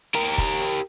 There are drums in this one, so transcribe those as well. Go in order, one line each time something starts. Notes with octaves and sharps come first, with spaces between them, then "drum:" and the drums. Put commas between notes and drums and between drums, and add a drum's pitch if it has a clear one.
G4 A#4
drum: kick, hi-hat
drum: hi-hat